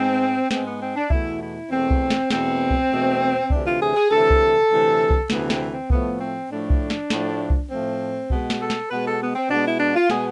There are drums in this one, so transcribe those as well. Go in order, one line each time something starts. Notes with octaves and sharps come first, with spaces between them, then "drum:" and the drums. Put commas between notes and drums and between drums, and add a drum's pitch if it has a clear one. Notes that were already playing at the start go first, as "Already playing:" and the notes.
Already playing: G#2 G#3 B3 C4
G#2 G#3 B3 C4, drum: snare
B3
C4
D4
E2 B2 A3 E4, drum: kick C2
E4
E2 B2 A3 C4
drum: kick C2
drum: snare
E2 B2 A3 C4, drum: snare
drum: kick C2
E2 B2 A3
D2 C3 E3 D4, drum: kick C2
F4
G#4
G#4
D2 C3 E3 A4
drum: kick C2
D2 C3 E3
drum: kick C2
D2 C3 E3 B3, drum: snare
C4, drum: snare
C4
A2 F3 A3 B3, drum: kick C2
C4
A2 F3 A3 D4
drum: kick C2
drum: snare
A2 F3 A3, drum: snare
drum: kick C2
A2 F3 A3 C4
B2 G#3 B3, drum: kick C2
drum: snare
A4
drum: snare
B2 G#3 B3 B4
A4
B3
C4
B2 G#3 B3 D4
E4
D4
F4
B2 G#3 B3 G#4, drum: snare